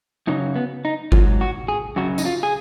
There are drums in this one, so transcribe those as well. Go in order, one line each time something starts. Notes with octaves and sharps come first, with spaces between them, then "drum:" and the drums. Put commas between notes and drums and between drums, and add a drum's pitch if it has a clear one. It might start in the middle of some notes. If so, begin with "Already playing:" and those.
F#2 C#3 F#3 D#4
B3
D#4
G#2 F#3 F4, drum: kick G1
F#4
G#4
F#2 C#3 F#3 F#4
D#4, drum: tambourine
F4
G#4